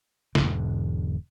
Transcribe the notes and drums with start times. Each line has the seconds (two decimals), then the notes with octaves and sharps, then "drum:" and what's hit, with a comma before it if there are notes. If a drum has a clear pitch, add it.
0.35 E1 A#1 G#2 D3, drum: snare